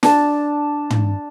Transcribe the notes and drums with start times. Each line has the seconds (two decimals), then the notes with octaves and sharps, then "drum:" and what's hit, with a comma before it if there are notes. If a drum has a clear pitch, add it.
0.03 D4 A5, drum: snare
0.90 drum: tom